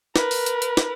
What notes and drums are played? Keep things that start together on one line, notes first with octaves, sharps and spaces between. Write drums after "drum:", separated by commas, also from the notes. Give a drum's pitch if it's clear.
A#4 B4, drum: snare
drum: open hi-hat
drum: hi-hat
drum: hi-hat
drum: snare